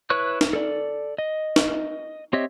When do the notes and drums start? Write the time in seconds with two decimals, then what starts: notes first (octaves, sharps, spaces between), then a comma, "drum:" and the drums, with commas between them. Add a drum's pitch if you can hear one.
0.10 E4 B4 C#5 C#6 F#6
0.41 drum: snare
0.53 A4 D5
1.18 D#5
1.56 drum: snare
2.33 C4 G4 C#5 D#5 E5